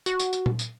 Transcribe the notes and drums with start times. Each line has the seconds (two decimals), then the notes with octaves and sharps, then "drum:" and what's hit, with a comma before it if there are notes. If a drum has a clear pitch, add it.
0.06 F#4, drum: tambourine
0.19 drum: tambourine
0.33 drum: tambourine
0.46 drum: tom A#2
0.59 drum: tambourine